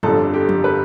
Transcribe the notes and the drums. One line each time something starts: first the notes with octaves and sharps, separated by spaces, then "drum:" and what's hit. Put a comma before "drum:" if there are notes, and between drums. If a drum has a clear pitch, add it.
G1 F2 D3 G3 A4, drum: tom F3
G4
drum: tom F3
B4